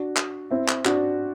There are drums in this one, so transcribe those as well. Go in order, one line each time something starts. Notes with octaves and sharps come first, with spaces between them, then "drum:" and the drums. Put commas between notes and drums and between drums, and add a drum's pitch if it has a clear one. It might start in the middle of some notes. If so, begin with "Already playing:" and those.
Already playing: D4 F#4
drum: clap
C4 E4
drum: clap
D4 F#4, drum: clap